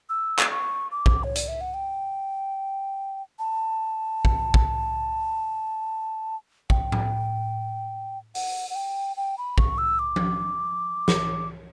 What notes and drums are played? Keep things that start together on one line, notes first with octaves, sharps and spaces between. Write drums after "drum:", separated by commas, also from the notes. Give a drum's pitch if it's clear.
E6
drum: clap
C#6
D6
drum: kick
C#5
D5, drum: hi-hat
E5
F#5
G5
A5
drum: kick
drum: kick
G5, drum: kick
drum: tom A2
F#5, drum: open hi-hat
F#5
G5
G5
B5
C#6, drum: kick
E6
D6
drum: tom F3
drum: snare